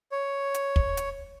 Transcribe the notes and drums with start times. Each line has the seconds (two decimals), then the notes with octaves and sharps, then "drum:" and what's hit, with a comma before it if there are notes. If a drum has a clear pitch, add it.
0.12 C#5
0.54 drum: hi-hat
0.76 drum: kick
0.97 drum: hi-hat